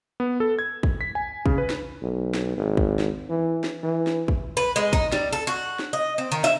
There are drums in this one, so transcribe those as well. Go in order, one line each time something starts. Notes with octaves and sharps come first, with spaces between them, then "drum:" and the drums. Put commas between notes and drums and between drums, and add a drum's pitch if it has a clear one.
B3
A4
G#6
drum: kick
B6
G#5
C#3, drum: kick
B4
drum: snare
B1
drum: snare
G#1
drum: kick
drum: snare
E3
drum: snare
E3
drum: snare
drum: kick
B4
G#3
D#4, drum: kick
G3, drum: snare
A4
F#4
drum: snare
D#5
C4
D#3
E5, drum: snare